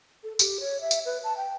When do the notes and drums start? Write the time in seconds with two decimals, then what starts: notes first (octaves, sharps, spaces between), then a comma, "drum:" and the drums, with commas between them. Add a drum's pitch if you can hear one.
0.24 A4
0.39 G4, drum: tambourine
0.60 C#5
0.81 E5
0.91 drum: tambourine
1.06 B4
1.24 A5
1.37 G5